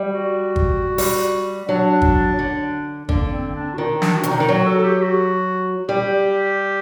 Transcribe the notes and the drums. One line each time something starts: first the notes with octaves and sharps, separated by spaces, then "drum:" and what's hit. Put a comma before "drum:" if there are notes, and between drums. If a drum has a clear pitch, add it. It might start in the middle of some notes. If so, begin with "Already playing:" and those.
Already playing: G3
F#4
drum: kick
G3, drum: open hi-hat
F#3 D4
drum: kick
D3
D3 A#3, drum: kick
C4
D4
F#4
D#3 D#4
D4, drum: snare
F#4
C3 D#4, drum: hi-hat
D3
D#3
F#3 F#4
A4
A4
G4
F#4
G3 G4